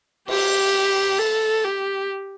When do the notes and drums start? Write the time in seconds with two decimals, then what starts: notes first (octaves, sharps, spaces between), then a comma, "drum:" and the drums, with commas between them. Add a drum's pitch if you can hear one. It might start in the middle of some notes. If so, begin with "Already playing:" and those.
0.28 G4, drum: cymbal
1.19 A4
1.64 G4